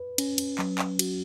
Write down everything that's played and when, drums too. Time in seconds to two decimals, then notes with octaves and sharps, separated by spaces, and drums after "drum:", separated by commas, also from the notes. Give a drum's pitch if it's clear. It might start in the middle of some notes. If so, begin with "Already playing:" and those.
Already playing: B4
0.18 C#4, drum: cymbal
0.38 drum: cymbal
0.59 F#3, drum: clap
0.79 drum: clap
0.99 F#4, drum: cymbal